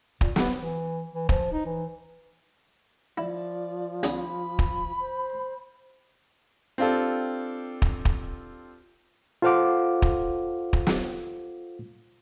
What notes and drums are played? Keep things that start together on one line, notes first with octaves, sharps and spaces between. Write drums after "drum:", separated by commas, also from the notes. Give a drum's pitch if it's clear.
A#2, drum: kick
B3, drum: snare
E3
E3
F3, drum: kick
D#4
E3
F3 E4 D5
C2 D4 B5, drum: hi-hat
drum: kick
C5
C4 D4 F4 G4 A4
drum: kick
drum: kick
F4 A4 C5 F5 F#5 D6
drum: kick
drum: kick
drum: snare